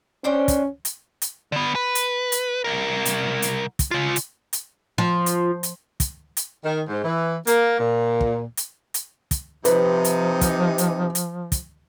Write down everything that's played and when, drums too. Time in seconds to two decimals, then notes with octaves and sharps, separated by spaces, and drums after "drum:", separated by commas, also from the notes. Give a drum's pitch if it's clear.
0.24 C#4 D4 C5 G5
0.48 drum: kick, hi-hat
0.85 drum: hi-hat
1.22 drum: hi-hat
1.52 D3 B3
1.75 B4
1.95 drum: hi-hat
2.32 drum: hi-hat
2.64 C2 A#4
3.06 drum: hi-hat
3.42 drum: hi-hat
3.79 drum: kick, hi-hat
3.91 C#3 F4
4.16 drum: hi-hat
4.53 drum: hi-hat
4.98 F3
5.26 drum: hi-hat
5.63 drum: hi-hat
6.00 drum: kick, hi-hat
6.37 drum: hi-hat
6.64 D#3
6.89 G#2
7.04 E3
7.47 A#3, drum: hi-hat
7.79 A#2
8.21 drum: kick
8.57 drum: hi-hat
8.94 drum: hi-hat
9.31 drum: kick, hi-hat
9.65 C3 F3 D#4 B4, drum: hi-hat
10.05 drum: hi-hat
10.41 drum: kick, hi-hat
10.78 drum: hi-hat
11.15 drum: hi-hat
11.52 drum: kick, hi-hat